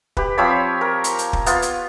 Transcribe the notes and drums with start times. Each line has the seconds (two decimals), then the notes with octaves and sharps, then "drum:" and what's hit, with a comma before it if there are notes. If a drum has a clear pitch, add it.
0.17 G4 B4, drum: kick
0.38 F3 C4 C#5 B5
0.81 A#4
1.04 drum: hi-hat
1.19 drum: hi-hat
1.33 drum: kick
1.46 B3 F4, drum: hi-hat
1.62 drum: hi-hat